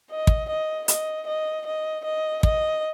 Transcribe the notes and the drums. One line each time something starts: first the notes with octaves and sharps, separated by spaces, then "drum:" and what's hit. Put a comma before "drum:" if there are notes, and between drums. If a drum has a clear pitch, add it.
D#5
drum: kick
D#5
D#5, drum: hi-hat
D#5
D#5
D#5
D#5, drum: kick